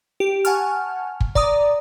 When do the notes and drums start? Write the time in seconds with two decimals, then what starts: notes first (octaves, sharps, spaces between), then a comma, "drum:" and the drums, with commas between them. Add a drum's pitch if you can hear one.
0.20 G4
0.45 F#5 G#5 A5 C#6 F6, drum: hi-hat
1.20 drum: kick
1.35 D5 A#5 D6 D#6, drum: kick